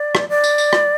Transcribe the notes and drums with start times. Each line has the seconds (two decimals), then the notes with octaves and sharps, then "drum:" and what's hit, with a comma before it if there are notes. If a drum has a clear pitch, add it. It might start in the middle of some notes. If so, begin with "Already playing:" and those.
Already playing: D5
0.15 drum: rim click
0.29 D5
0.44 drum: tambourine
0.58 drum: tambourine
0.73 drum: rim click